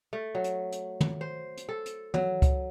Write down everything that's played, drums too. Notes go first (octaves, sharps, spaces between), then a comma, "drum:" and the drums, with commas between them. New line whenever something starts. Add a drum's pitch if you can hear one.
A3
F#3
drum: hi-hat
drum: hi-hat
drum: tom
C5
drum: hi-hat
A4
drum: hi-hat
F#3, drum: tom
drum: kick C#2, hi-hat